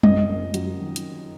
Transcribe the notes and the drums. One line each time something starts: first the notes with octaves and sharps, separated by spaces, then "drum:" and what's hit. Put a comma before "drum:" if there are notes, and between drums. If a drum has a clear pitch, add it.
F#1 D#5, drum: tom
F#1
F#2, drum: hi-hat
D#3
drum: hi-hat